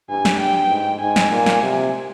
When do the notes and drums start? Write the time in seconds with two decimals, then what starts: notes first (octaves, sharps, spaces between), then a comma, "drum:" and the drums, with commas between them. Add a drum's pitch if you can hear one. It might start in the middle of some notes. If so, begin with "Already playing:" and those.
0.10 G2 G#5
0.25 drum: snare
0.40 G5
0.70 G#2
1.01 G#2 G#5
1.16 drum: snare
1.31 A#2
1.46 drum: snare
1.62 C3